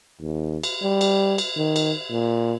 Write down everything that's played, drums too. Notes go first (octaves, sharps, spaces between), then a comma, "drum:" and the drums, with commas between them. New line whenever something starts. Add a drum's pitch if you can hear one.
D#2
drum: cymbal
G3
drum: cymbal
drum: cymbal
D#3
drum: cymbal
A#2